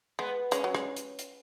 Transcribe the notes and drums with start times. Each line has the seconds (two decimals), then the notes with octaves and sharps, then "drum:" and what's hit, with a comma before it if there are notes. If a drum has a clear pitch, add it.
0.19 G#3 B3
0.51 G#3 C#4, drum: hi-hat
0.64 F#3
0.75 G#3, drum: rim click
0.96 drum: hi-hat
1.19 drum: hi-hat